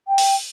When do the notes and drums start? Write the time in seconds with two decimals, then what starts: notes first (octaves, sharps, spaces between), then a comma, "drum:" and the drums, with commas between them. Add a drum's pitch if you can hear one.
0.08 G5
0.18 drum: open hi-hat